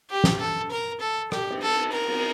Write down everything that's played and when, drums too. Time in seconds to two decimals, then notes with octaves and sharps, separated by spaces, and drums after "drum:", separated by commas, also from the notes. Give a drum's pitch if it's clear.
0.10 G4
0.24 drum: snare
0.40 A4
0.71 A#4
1.00 A4
1.32 G4, drum: rim click
1.50 drum: cymbal
1.62 A4
1.92 A#4
2.08 drum: cymbal